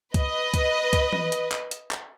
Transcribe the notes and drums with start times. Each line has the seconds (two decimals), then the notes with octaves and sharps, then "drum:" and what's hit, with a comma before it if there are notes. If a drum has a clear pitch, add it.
0.14 B4 D#5, drum: kick C#2, hi-hat
0.54 drum: kick C#2, hi-hat
0.93 drum: kick C#2, hi-hat
1.13 drum: tom E3
1.32 drum: hi-hat
1.52 drum: clap
1.71 drum: hi-hat
1.91 drum: clap